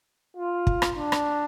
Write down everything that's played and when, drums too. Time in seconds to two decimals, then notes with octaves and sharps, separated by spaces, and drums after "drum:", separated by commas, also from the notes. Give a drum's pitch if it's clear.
0.37 F4
0.67 drum: kick
0.82 drum: rim click
0.97 D4
1.12 drum: rim click